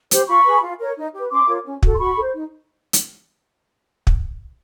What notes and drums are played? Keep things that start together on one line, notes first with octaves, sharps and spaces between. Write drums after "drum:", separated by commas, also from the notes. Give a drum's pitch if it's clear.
G4 C5, drum: hi-hat
F4 B5 C#6
G#4 B4
F4
A#4 C#5
D#4
G4 B4
C#4 C6 D6
F4 A#4 C#5
C#4
F#4 A4, drum: kick
C6
F#4 B5 C#6
A4
C5
D#4
drum: hi-hat
drum: kick